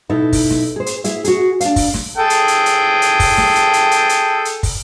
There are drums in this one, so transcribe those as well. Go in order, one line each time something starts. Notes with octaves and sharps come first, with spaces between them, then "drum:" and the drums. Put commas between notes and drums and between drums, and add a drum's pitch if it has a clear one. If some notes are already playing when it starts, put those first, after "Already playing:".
B2 D#4 E4 A4
drum: kick, open hi-hat
drum: snare
G#4 C5
drum: hi-hat
E4 G#4 E5, drum: hi-hat
F#4 G#4, drum: hi-hat
D4 F5, drum: hi-hat
drum: kick, open hi-hat
drum: snare
G#4 A4 G5
drum: hi-hat
drum: hi-hat
drum: hi-hat
drum: hi-hat
drum: kick, open hi-hat
drum: snare
drum: hi-hat
drum: hi-hat
drum: hi-hat
drum: hi-hat
drum: hi-hat
drum: kick, open hi-hat